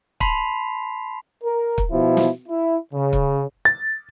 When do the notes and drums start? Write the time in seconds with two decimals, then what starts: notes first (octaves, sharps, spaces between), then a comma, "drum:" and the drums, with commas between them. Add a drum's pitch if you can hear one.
0.20 A5 B5 C6 B6 C7 F7, drum: kick
1.44 A#4
1.78 drum: kick
1.92 B2 F3 E4
2.17 drum: snare
2.49 E4
2.94 C#3
3.13 drum: kick
3.65 A6